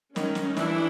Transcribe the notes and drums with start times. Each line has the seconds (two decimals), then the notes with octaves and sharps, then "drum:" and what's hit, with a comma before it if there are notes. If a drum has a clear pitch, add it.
0.16 D#3 C#4 D#4, drum: snare
0.35 drum: snare
0.57 E3 D4 E4, drum: snare